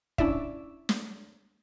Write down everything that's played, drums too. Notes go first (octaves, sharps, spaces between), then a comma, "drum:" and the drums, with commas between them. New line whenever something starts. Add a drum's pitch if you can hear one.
C#4 D4 E4 D5 E5, drum: kick
drum: snare